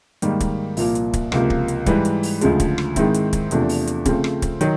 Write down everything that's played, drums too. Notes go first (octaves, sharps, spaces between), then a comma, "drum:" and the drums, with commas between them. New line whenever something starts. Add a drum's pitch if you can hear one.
G#2 D#3 G3 A#3, drum: hi-hat
drum: kick, hi-hat
C2 A#2 F3 A#3, drum: open hi-hat
drum: hi-hat
drum: kick, hi-hat
C#2 C3 F3 A#3, drum: rim click
drum: kick
drum: hi-hat
G#2 E3 G3, drum: kick, hi-hat
drum: hi-hat
drum: open hi-hat
D2 C#3 F3 G#3, drum: hi-hat
drum: kick, hi-hat
drum: rim click
G#2 D#3 G#3 C4 E4, drum: kick, hi-hat
drum: hi-hat
drum: kick, hi-hat
E2 C3 F3 A3 D4, drum: hi-hat
drum: open hi-hat
drum: hi-hat
C#3 F3 A3 C4, drum: kick, hi-hat
drum: rim click
drum: kick, hi-hat
D#3 F#3, drum: hi-hat